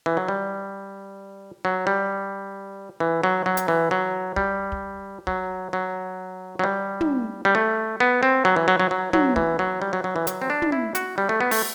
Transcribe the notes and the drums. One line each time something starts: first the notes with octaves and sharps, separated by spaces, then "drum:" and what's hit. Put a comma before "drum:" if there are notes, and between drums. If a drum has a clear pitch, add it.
E3
F#3
G3
F#3
G3
E3
F#3
F#3
drum: hi-hat
E3
F#3
G3, drum: kick
drum: kick
F#3, drum: kick
F#3
F#3
G3
drum: tom
G3
A3
B3
C4
F#3
E3
F#3
F#3
F#3
F#3, drum: tom
E3, drum: kick
F#3
G3
F#3
F#3
E3
F#3, drum: hi-hat
C4
D4
drum: tom
E4
F#4, drum: hi-hat
G3
A3
B3
A3, drum: open hi-hat